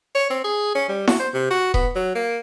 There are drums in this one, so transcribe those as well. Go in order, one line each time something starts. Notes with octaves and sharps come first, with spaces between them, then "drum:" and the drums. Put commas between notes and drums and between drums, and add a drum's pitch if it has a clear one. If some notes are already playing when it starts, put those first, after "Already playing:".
C#5
C4
G#4
C#4
G3
F#4, drum: snare E4
C5
C3
F#4
B3, drum: kick D#1
F#3
A#3